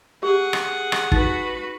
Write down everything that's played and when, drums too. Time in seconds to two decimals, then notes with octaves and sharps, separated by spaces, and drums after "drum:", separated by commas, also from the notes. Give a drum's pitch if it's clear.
0.23 G4 G#4 F#5
0.53 drum: rim click
0.92 drum: rim click
1.12 D#4 F#4 B4, drum: kick